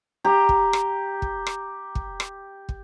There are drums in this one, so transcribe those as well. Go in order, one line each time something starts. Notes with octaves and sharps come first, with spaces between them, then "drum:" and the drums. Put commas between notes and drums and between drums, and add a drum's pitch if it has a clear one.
G4 A#5
drum: kick
drum: rim click
drum: kick
drum: rim click
drum: kick
drum: rim click
drum: kick